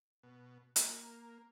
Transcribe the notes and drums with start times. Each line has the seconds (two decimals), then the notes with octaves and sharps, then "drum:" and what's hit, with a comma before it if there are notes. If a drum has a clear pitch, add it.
0.23 B2
0.76 A#3, drum: hi-hat